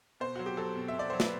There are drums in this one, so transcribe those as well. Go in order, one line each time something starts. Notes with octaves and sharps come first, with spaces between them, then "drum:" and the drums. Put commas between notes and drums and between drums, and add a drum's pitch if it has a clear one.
B2 C5
F#3 F#4
G4
F#3 A4
B2
E5
B2 D5
F#3 C5
B4, drum: snare